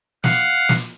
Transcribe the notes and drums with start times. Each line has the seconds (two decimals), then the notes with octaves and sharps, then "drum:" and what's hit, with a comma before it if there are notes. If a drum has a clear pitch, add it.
0.24 F5 F#5, drum: snare
0.69 drum: snare